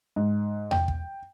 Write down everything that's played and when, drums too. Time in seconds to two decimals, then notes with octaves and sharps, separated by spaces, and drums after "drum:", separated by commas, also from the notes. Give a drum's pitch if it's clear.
0.16 G#2
0.71 G5, drum: tom E2
0.88 drum: kick